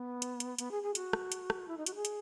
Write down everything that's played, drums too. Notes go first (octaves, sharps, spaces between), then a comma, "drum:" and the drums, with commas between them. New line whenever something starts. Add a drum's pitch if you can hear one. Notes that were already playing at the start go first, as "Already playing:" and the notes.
Already playing: B3
drum: hi-hat
drum: hi-hat
B3, drum: hi-hat
G#4
G#4
F#4, drum: hi-hat
drum: rim click
drum: hi-hat
drum: rim click
E4
D#4
F#4, drum: hi-hat
G#4
drum: hi-hat